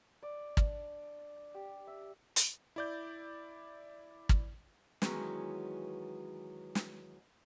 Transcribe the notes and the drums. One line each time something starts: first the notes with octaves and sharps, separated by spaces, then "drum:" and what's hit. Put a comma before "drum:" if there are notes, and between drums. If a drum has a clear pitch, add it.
D5
D4, drum: kick
G4
E5
drum: hi-hat
E4 D5 G6
drum: kick
D#3 E3 F#3 G#3 B3 C#4, drum: snare
drum: snare